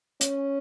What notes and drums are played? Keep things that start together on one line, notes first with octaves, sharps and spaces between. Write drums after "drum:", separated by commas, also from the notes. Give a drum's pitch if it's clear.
C#4, drum: hi-hat